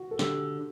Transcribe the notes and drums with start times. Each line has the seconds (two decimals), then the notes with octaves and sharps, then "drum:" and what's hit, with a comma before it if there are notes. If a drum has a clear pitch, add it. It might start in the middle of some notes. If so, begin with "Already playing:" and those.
Already playing: F#4
0.11 A4
0.19 D3 G4, drum: snare